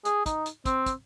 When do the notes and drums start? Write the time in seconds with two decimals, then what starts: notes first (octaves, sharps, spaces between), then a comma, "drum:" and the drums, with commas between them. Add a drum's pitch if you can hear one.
0.05 G#4, drum: hi-hat
0.26 D#4, drum: kick, hi-hat
0.46 drum: hi-hat
0.65 C4, drum: kick, hi-hat
0.86 drum: kick, hi-hat